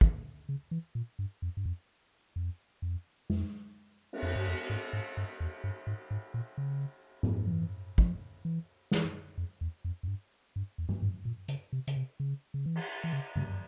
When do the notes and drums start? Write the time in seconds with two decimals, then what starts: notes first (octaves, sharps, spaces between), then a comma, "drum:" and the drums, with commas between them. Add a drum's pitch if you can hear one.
0.01 E3, drum: kick
0.49 C#3
0.71 E3
0.95 A#2
1.19 G2
1.42 F2
1.57 G2
1.66 F2
2.36 F2
2.82 F2
3.30 F2, drum: tom G#3
4.13 drum: cymbal
4.23 F2
4.36 G2
4.48 F2
4.70 G#2
4.93 G#2
5.17 G2
5.40 E2
5.64 G2
5.87 G#2
6.11 G#2
6.34 A#2
6.58 C#3
7.23 drum: tom G#2
7.47 F3
7.51 E3
7.98 F3, drum: kick
8.45 E3
8.92 E3, drum: snare
9.38 F2
9.61 E2
9.85 F2
10.03 F2
10.08 G2
10.56 G2
10.78 E2
10.89 drum: tom G2
11.02 G#2
11.25 A#2
11.48 C#3, drum: hi-hat
11.73 C3
11.87 C#3, drum: hi-hat
11.96 C3
12.20 C#3
12.54 C#3
12.66 E3
12.75 drum: cymbal
13.04 E3
13.13 C#3
13.36 C#3, drum: tom G2